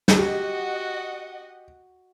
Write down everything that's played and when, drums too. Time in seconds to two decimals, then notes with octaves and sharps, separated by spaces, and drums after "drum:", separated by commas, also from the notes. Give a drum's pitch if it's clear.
0.08 drum: snare
0.18 F#4 G4 D#5 F#5